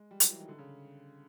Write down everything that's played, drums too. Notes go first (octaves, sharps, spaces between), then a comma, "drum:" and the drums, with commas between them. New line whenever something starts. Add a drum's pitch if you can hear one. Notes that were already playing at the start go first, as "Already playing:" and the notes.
Already playing: G#3
G3
F#3, drum: hi-hat
E3
D#3
D3
C#3